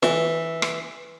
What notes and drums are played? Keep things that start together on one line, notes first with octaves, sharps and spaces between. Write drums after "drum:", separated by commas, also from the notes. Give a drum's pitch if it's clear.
E3, drum: snare
drum: rim click